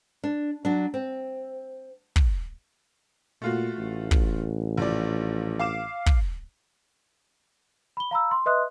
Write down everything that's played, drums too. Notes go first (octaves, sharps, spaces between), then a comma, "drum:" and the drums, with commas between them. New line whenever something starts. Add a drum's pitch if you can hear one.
D4
F#3 D4
C4
drum: kick
A#2 A3 F4 F#4
A1
drum: kick
A#1 D5
F5 D6 E7
drum: kick
B5 G7
F5 A#5 B5 E6
C6
B4 D#5 E5 C6 D#6 F#6